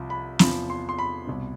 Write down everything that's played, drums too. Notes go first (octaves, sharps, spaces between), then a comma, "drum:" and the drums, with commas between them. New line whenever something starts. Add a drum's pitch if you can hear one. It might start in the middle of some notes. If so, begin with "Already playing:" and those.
Already playing: C2 C3 F3
B5
E2 C3 F3 B5, drum: snare
C6
C6
B5
C2 B2